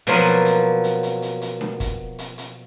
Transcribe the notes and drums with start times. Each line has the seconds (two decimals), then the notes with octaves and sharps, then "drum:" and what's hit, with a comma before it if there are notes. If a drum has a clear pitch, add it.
0.07 B2 F3 F#3 A#3 F4 B4, drum: hi-hat
0.26 drum: hi-hat
0.45 drum: hi-hat
0.84 drum: hi-hat
1.03 drum: hi-hat
1.22 drum: hi-hat
1.42 drum: hi-hat
1.61 drum: snare D4
1.80 drum: kick, hi-hat
2.19 drum: hi-hat
2.38 drum: hi-hat